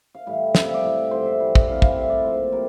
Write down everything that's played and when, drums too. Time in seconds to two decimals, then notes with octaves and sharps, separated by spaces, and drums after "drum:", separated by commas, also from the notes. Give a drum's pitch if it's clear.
0.15 F5
0.26 A2 E3 G3 E5
0.55 C3 G3 F5, drum: snare
0.65 E5
0.74 D5
0.84 A2 G3
1.11 G2 D3 F3 C5
1.26 E5
1.40 C3 E3 G3
1.55 drum: kick
1.68 C3 E3 G3 F5
1.82 F5, drum: kick
1.96 A2 G3 E5
2.10 D5
2.24 A#2 F3 C5
2.52 C3 G3 A#4